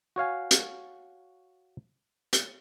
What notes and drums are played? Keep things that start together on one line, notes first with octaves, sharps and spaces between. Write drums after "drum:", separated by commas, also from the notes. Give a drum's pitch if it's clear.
F#4 C#5 F5 G#5
drum: hi-hat
drum: hi-hat